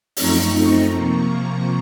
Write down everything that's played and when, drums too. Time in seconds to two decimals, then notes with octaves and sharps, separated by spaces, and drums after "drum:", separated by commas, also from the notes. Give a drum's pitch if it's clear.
0.17 F#2 F3 A3 C4 D#4 A#5 C#6, drum: open hi-hat
0.94 C3 F3 A#3